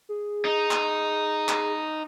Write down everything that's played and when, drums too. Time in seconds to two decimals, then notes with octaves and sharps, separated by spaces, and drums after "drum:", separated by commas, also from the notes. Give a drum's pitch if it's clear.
0.09 G#4
0.45 D#4
0.71 drum: clap
1.48 drum: clap